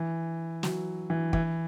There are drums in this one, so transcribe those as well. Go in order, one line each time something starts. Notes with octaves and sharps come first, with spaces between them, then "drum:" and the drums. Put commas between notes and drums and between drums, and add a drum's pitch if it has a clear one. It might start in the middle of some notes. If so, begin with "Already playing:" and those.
Already playing: E3
F#3, drum: snare
E3
E3, drum: kick